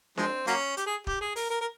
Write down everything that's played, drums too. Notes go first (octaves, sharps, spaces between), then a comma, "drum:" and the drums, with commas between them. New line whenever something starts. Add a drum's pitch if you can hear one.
F3 G#3 C4, drum: snare D4
F#3 A#3 C#4, drum: hi-hat
G4, drum: hi-hat
G#4
G4, drum: kick
G#4
A#4, drum: open hi-hat
A#4
A#4